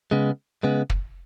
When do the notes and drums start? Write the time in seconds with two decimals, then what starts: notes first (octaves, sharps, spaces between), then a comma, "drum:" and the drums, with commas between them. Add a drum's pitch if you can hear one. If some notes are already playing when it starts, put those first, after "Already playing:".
0.11 C#3 G#3 B3
0.63 C#3 G#3 B3
0.90 drum: kick